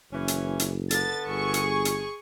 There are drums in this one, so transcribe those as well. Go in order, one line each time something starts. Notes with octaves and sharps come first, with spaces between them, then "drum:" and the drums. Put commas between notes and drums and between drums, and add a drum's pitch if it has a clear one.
F#1 E3 C#4
drum: hi-hat
drum: hi-hat
D3 B3 A4 A6, drum: hi-hat
G1 G#4 C#6
drum: hi-hat
drum: hi-hat